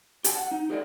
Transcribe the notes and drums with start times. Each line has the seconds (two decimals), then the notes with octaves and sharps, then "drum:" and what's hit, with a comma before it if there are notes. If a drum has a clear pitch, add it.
0.24 G4 G#5 A5, drum: hi-hat
0.37 F#5
0.51 D#4
0.70 G4 A4 D5 D#5